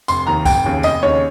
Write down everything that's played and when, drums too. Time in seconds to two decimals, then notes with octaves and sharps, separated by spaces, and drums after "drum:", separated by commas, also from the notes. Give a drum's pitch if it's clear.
0.08 F1 C6, drum: tambourine
0.27 D#2 D#3 A#5
0.45 F1 G5, drum: kick C2, tambourine
0.65 D#2 C#3
0.83 F1 D#5, drum: tambourine
1.03 D#2 C#3 C#5